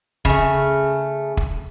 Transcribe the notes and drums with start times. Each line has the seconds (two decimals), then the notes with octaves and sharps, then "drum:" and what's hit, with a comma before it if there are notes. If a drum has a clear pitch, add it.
0.25 C#3 A3, drum: kick
1.37 drum: kick